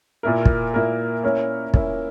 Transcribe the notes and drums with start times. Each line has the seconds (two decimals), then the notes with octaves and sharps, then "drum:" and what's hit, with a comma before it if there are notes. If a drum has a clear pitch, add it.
0.23 A#2 A#3 E4 A#4
0.45 drum: kick
0.74 A#2 A#3 E4 A#4
1.24 A#3 C#4 E4 A#4 C#5
1.74 A#3 C#4 E4 A#4 C#5, drum: kick